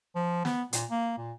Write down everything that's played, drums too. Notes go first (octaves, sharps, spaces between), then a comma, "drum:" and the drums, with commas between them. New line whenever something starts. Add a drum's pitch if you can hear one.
F3
B3, drum: snare
A#2, drum: hi-hat
A#3
A#2